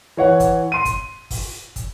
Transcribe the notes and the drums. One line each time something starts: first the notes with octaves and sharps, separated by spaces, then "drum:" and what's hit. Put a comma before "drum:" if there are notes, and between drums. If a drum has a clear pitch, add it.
E3 C#5 F#5
drum: kick, hi-hat
C6 D#7
drum: kick, hi-hat
drum: kick, open hi-hat
drum: kick, hi-hat